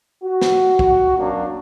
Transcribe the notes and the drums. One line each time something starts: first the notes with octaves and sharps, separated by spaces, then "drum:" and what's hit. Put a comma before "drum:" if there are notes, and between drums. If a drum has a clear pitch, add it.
F#4
drum: snare
drum: kick
F#2 B2 F#3 A#3 C#4 D4